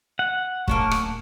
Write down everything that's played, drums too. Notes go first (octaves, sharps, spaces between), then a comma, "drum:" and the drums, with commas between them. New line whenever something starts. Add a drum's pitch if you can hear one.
F#5
D1 A#3 C#4 A5 C#6, drum: kick
drum: rim click